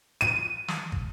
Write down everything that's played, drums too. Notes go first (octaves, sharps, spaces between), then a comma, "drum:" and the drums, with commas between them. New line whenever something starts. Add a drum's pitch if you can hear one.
D#7, drum: hi-hat
drum: snare
drum: kick